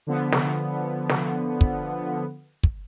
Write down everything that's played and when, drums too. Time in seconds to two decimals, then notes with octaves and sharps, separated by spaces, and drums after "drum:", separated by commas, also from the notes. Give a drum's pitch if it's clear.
0.07 D3 F3 B3
0.32 drum: snare
1.09 drum: snare
1.61 drum: kick
2.63 drum: kick